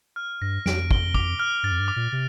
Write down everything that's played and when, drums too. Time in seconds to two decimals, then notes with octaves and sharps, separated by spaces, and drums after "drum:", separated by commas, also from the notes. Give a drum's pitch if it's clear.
0.16 F6
0.41 G2 A#6
0.66 F2 D7, drum: snare
0.91 G7, drum: kick
1.14 D6, drum: kick
1.39 F6
1.63 G2 A6
1.72 F2
1.80 G2
1.88 D6
1.96 A#2
2.12 C3 A6